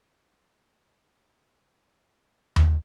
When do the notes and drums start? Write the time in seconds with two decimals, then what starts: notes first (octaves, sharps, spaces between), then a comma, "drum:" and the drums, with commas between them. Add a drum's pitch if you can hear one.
0.22 A#2 D#4 F#4 C#5 G#5 A#5
2.56 drum: tom D#2